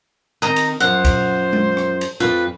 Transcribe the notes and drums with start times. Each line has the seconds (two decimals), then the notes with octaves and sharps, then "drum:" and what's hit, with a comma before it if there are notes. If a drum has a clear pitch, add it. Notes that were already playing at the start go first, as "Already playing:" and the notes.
0.42 D#3 C4 D#5 A#5
0.56 drum: cymbal
0.80 F#2 F3 C5 F#5
1.05 drum: kick C#2, cymbal
1.53 drum: tom G#3
1.77 drum: rim click
2.01 drum: cymbal
2.20 F2 C4 F4 B4